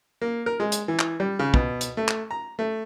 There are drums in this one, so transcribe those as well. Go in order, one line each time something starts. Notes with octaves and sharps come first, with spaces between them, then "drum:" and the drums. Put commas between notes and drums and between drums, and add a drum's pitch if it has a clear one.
A#3
A#4
G#3
drum: hi-hat
E3
drum: clap
G3
C#3
B2, drum: kick
drum: hi-hat
A3
drum: clap
A#5
A3